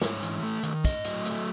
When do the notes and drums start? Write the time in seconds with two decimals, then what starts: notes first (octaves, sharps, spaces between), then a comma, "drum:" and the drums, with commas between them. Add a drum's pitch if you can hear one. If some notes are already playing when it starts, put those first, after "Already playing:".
0.02 G#2 C#5, drum: snare
0.23 E3, drum: hi-hat
0.43 A3
0.63 D#3, drum: hi-hat
0.85 A2 D#5, drum: kick, hi-hat
1.04 F#3, drum: hi-hat
1.25 A3, drum: hi-hat